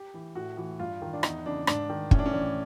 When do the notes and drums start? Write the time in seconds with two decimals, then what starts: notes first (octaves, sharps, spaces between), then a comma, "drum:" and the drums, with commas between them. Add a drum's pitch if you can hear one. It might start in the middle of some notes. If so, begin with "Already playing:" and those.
Already playing: G4
0.14 E3
0.35 A2 F#4
0.57 E3 F#4
0.79 G2 F4
1.02 D#3
1.13 D4
1.23 E2 D#4, drum: rim click
1.45 C#3 E3 D4
1.67 G#2 D4, drum: rim click
1.90 D#3
2.11 A2 C#4, drum: kick
2.19 D4
2.26 C#4
2.33 E3 D4